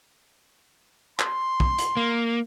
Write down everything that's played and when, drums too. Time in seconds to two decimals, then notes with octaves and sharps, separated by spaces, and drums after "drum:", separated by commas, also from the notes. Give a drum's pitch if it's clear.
1.19 C6, drum: clap
1.60 drum: kick
1.78 drum: hi-hat
1.97 A#3